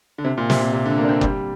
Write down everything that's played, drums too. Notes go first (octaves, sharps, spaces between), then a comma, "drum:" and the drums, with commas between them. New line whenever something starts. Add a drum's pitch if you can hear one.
D3
C3
A#2
C3, drum: snare
A#2
C3
D3
A#3
D4
C4
G3, drum: kick F#1